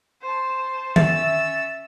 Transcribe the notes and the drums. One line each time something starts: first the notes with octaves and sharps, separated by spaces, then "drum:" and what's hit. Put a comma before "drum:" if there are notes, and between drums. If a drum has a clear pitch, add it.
C5 A5
C#4 E5 E6 A6, drum: tom D#3